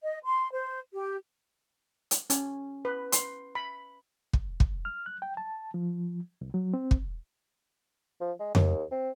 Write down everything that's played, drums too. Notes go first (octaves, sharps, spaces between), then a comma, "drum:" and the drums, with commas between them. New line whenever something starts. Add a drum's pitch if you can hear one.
D#5
C6
C5
G4
drum: hi-hat
C#4, drum: hi-hat
B4
C6, drum: hi-hat
B5
drum: kick
drum: kick
F6
F#6
G5
A5
F3
C2
F#3
C4
drum: kick
F3
G#3
D#2, drum: tom F2
C4